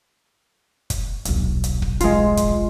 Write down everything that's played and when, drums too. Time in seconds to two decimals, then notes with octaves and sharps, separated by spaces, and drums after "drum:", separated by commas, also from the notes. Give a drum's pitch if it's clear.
0.90 drum: kick, hi-hat
1.25 D#1 B1, drum: hi-hat
1.64 drum: hi-hat
1.82 drum: kick
2.00 G#3 F4, drum: hi-hat
2.37 drum: kick, hi-hat